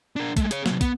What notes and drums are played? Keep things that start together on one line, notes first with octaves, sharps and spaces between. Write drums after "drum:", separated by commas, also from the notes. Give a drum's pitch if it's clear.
D4 A#4
G#3 A3, drum: kick, hi-hat
G#4 C#5, drum: hi-hat
C3 F#3, drum: snare
B3, drum: kick, hi-hat